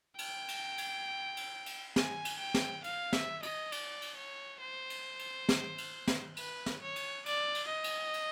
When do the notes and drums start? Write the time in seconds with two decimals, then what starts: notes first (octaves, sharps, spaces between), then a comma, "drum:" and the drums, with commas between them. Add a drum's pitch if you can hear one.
0.19 G5, drum: cymbal
0.48 drum: cymbal
0.78 drum: cymbal
1.37 drum: cymbal
1.66 drum: cymbal
1.96 G#5, drum: snare
2.25 drum: cymbal
2.39 G5
2.54 drum: snare
2.84 F5, drum: cymbal
3.13 E5, drum: snare
3.43 D#5, drum: cymbal
3.72 D5, drum: cymbal
4.02 drum: cymbal
4.17 C#5
4.61 C5
4.90 drum: cymbal
5.19 drum: cymbal
5.49 drum: snare
5.78 drum: cymbal
6.07 drum: snare
6.37 B4, drum: cymbal
6.66 drum: snare
6.81 C#5
6.96 drum: cymbal
7.26 D5, drum: cymbal
7.55 drum: cymbal
7.69 D#5
7.84 drum: cymbal
8.13 drum: cymbal